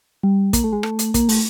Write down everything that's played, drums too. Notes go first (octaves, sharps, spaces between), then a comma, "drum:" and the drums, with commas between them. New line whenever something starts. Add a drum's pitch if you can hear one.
G3
A#3, drum: kick, hi-hat
A3
G#3
A3, drum: rim click
drum: hi-hat
A#3, drum: kick, hi-hat
A3, drum: open hi-hat